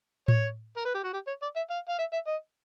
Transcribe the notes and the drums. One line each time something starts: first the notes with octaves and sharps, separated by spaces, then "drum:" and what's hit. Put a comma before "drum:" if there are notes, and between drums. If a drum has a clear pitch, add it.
C#5, drum: tom A2
A#4
B4
G4
F#4
G4
C#5
D5
E5
F5
F5
E5
E5
D#5